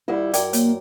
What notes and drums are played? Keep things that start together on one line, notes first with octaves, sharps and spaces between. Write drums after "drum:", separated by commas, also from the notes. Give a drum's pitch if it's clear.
D#2 G3 E4 F4 A#4 F#5
F#2 A#4 D5 G5 D6, drum: hi-hat
A#3 C#5, drum: hi-hat